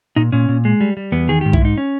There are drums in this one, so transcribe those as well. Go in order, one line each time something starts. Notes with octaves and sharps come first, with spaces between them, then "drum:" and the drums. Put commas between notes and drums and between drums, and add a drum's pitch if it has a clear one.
A#2 D#4
A#2 C#4
A#2
G#3
G3
G3
E2 B3
D#3 G#4
G#2 G4
E4, drum: kick B1
G#2 D#4
C#4